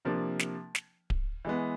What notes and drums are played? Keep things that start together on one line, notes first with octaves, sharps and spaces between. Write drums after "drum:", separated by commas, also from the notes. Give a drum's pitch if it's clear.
C3 F3 A#3 D4
drum: snare
drum: snare
drum: kick D1
E3 G#3 B3